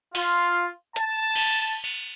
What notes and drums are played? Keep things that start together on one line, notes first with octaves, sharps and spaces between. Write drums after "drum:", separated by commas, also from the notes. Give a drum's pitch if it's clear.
F4, drum: open hi-hat
A5, drum: hi-hat
drum: cymbal
drum: cymbal